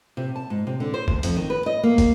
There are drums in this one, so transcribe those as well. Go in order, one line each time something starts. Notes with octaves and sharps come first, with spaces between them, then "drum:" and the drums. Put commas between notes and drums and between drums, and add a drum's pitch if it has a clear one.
C3
A5
G#2
C3
D3
C5
D2, drum: kick
F2, drum: hi-hat
D#3
B4
D#5
A#3
drum: kick, hi-hat